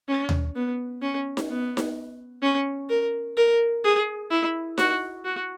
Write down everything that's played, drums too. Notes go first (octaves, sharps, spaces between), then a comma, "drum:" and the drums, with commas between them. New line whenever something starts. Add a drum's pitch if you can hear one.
C#4
drum: tom D#2
B3
C#4
drum: snare D#4
B3
drum: snare D#4
C#4
A#4
A#4
G#4
E4
F#4, drum: snare D#4
F#4